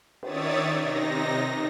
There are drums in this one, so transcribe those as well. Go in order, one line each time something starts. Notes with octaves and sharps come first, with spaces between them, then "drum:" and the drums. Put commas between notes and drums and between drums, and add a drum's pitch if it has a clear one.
D#3 C#5 D5 E5 D#6 A6, drum: cymbal
C3 D#4 A#6